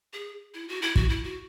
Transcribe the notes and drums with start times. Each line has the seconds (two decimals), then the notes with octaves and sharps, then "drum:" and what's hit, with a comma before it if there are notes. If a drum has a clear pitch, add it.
0.13 G#4
0.54 E4
0.68 F#4
0.82 E4
0.96 F#4, drum: kick
1.09 E4
1.24 F#4